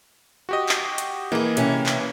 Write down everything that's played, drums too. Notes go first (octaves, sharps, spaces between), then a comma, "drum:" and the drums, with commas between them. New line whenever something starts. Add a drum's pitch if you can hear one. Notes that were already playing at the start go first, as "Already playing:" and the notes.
F#4 G4 D#5
drum: clap
drum: hi-hat
E3 A#3 D#4 G#4
C3 C#4, drum: hi-hat
drum: clap